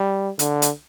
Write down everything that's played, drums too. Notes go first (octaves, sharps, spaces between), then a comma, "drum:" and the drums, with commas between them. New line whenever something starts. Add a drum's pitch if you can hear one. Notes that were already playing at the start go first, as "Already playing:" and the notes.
Already playing: G3
D3, drum: hi-hat
drum: hi-hat